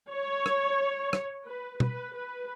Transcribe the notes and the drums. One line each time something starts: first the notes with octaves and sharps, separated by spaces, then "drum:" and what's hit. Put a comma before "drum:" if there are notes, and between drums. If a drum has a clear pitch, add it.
C#5
drum: rim click
drum: rim click
B4
B4, drum: tom
B4